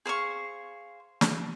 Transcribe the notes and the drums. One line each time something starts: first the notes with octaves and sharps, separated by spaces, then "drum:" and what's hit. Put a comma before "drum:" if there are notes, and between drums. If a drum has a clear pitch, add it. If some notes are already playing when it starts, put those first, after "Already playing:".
G#4 C5 F5 C#6
drum: snare